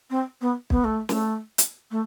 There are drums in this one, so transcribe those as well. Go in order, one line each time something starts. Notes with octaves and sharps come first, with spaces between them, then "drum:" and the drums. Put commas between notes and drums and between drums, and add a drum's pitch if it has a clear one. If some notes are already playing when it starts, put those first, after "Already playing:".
C4
B3
B3, drum: kick B1
A3
A3, drum: snare
drum: hi-hat
A3